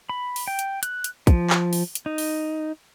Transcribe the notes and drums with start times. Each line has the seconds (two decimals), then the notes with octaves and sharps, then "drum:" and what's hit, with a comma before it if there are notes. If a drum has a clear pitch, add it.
0.09 B5
0.36 drum: open hi-hat
0.47 G5
0.59 drum: hi-hat
0.83 F#6, drum: hi-hat
1.04 drum: hi-hat
1.27 F3, drum: kick, hi-hat
1.50 drum: clap
1.73 drum: open hi-hat
1.95 drum: hi-hat
2.06 D#4
2.18 drum: open hi-hat